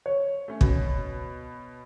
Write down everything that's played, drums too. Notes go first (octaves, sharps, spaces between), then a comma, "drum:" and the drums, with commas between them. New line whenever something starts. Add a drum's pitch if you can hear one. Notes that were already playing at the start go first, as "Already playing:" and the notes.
C#5
A3 C#4
B2, drum: kick